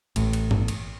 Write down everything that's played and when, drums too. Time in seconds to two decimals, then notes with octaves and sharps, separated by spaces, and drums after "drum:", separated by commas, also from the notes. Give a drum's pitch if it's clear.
0.16 A1 A2, drum: cymbal
0.33 drum: cymbal
0.51 drum: tom G2
0.68 drum: cymbal